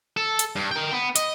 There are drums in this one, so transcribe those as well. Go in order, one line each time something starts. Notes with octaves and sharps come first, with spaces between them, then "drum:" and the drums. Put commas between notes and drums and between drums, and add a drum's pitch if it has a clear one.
A4
drum: hi-hat
G2
A#4 G5
B3
D#5, drum: hi-hat